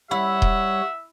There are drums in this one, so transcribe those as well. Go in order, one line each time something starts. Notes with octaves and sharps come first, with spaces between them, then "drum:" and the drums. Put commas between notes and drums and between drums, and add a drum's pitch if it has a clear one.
G3 E4 C#5 E5 F#5
drum: kick D#1